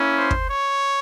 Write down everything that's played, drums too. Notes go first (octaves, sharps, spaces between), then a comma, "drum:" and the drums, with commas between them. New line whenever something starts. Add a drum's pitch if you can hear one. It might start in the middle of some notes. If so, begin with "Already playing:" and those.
Already playing: A#3 C#4 E4
C5
drum: kick
C#5